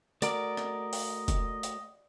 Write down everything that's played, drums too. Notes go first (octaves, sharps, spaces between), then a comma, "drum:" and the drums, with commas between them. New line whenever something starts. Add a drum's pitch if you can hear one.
A3 F#4 A#4 D5 D#5, drum: hi-hat
drum: rim click
drum: open hi-hat
drum: kick, hi-hat
drum: hi-hat